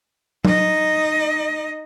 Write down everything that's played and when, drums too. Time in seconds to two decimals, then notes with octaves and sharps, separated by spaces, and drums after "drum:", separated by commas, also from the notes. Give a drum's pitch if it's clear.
0.45 D#4 D#5, drum: tom